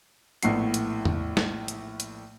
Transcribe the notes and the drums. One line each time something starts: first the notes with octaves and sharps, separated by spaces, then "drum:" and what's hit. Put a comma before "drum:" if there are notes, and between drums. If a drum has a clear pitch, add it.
A#1 A2 A3 B3 C7, drum: hi-hat
drum: hi-hat
drum: tom E2
drum: snare
drum: hi-hat
drum: hi-hat